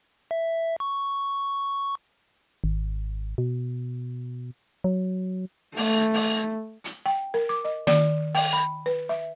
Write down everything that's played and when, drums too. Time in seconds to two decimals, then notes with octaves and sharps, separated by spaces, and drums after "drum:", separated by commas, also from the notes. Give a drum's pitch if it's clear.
0.31 E5
0.80 C#6
2.64 G#1
3.38 B2
4.84 F#3
5.77 A3, drum: open hi-hat
6.14 drum: open hi-hat
6.84 drum: hi-hat
7.06 G5
7.34 A#4
7.49 D6
7.65 D#5
7.87 D#3, drum: snare
8.35 G5, drum: open hi-hat
8.53 B5
8.86 B4
9.09 E5